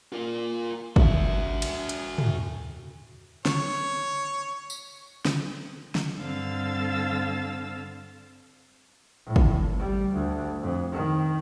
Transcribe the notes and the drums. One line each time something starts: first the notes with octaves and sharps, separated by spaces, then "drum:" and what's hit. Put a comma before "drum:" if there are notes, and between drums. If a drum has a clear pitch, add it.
F4 A#4
F#4 E5, drum: kick
drum: cymbal
drum: hi-hat
drum: tom
C#5, drum: snare
drum: tambourine
drum: snare
drum: snare
G2 D3 C4 F5 E6 A6
A2
drum: kick
G3
D2
F2
D#3